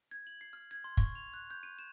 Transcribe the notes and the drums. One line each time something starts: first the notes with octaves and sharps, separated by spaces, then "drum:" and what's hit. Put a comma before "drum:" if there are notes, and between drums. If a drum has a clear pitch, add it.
G#6
F#7
C7
F6
G#6
C6
C#6, drum: kick
F7
F#6
G6
D#7
E7